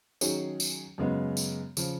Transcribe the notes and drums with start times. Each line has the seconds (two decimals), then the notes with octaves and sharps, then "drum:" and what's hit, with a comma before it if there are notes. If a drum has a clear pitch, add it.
0.21 D#3 F#3 C#4 G#4, drum: tambourine
0.60 drum: tambourine
0.98 F#2 C#3 G#3 B3
1.37 drum: tambourine
1.77 C#3 F3, drum: tambourine